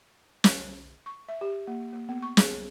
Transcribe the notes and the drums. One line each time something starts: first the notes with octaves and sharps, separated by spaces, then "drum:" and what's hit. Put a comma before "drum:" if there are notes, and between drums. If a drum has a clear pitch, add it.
drum: snare
C#6
E5
G4
A#3
A#3
B3
C#6
G#4, drum: snare